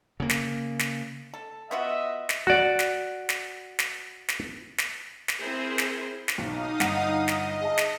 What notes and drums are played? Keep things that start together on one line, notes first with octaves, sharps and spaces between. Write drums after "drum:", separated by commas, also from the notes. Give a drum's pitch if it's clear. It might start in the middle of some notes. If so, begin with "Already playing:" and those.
C#3 A#3
drum: snare
drum: snare
A4
B3 F4 F#4 D#5 E5
drum: snare
F#4 D5
drum: snare
drum: snare
drum: snare
drum: snare
drum: snare
drum: snare
C4 E4 G#4 A#4 C5
drum: snare
drum: snare
B1 D#4 F5 D#6
G1 F#5, drum: snare
D#5
drum: snare
G#4 E5 A5
drum: snare